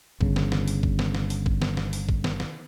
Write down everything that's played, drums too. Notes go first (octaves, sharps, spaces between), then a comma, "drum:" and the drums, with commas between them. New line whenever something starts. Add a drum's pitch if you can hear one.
G1 C#3, drum: kick G#1
drum: snare
drum: snare
drum: open hi-hat
drum: kick G#1
drum: snare
drum: snare
drum: open hi-hat
drum: kick G#1
drum: snare
drum: snare
drum: open hi-hat
drum: kick G#1
drum: snare
drum: snare